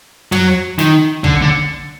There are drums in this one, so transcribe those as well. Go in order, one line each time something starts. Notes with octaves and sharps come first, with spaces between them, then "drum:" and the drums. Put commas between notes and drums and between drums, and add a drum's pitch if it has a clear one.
F#3, drum: tom
D#3, drum: snare
D3, drum: kick
D3